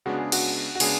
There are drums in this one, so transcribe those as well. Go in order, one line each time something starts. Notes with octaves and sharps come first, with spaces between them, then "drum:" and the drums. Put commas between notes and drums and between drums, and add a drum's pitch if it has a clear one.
C#3 G#3 B3 D4 F#4
G#4
F#4, drum: cymbal
F#4
C#3 G#3 B3 D4 G#4, drum: cymbal